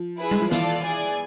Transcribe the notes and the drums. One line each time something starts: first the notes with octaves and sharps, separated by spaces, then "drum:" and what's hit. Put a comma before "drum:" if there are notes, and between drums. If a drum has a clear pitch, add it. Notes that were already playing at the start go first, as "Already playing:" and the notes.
Already playing: F3
E4 G#4 B4
G#3, drum: tom G3
F3
E3 F4 A4 D5 A5, drum: snare
G#4 D5 G#5